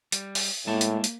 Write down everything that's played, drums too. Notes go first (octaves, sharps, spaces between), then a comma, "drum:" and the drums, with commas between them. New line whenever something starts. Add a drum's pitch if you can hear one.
G3, drum: hi-hat
drum: open hi-hat
A2 G#3 A#3 E4 A5
drum: hi-hat
drum: hi-hat